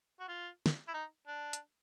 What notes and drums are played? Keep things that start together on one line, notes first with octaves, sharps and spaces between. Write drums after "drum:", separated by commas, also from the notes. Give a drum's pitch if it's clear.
F#4
F4
drum: snare
E4
D#4
D4
drum: hi-hat